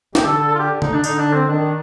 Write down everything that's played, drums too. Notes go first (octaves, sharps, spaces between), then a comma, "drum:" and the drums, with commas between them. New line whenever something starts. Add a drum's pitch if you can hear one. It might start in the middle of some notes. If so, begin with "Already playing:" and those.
D3 G4, drum: snare
A4
A4
A4
F4
G4
D#4, drum: tom C#3
D4
D3 D#4, drum: tambourine
D4
C4
D#3 D4